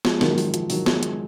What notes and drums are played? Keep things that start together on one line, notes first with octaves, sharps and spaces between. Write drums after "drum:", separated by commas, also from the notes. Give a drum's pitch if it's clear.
F3 G#3, drum: snare
D#3 F#3, drum: snare
F3, drum: open hi-hat
F3, drum: hi-hat
D#3 F#3, drum: open hi-hat
F3 G#3, drum: snare
drum: hi-hat